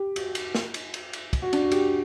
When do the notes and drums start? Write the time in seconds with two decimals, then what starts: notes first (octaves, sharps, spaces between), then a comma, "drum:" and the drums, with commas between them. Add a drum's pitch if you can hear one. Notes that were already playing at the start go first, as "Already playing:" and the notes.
Already playing: G4
0.16 F#4, drum: cymbal
0.35 drum: cymbal
0.55 drum: snare
0.74 drum: cymbal
0.94 drum: cymbal
1.13 drum: cymbal
1.33 drum: kick, cymbal
1.42 F#4
1.53 D4, drum: cymbal
1.63 F#4
1.71 G4, drum: cymbal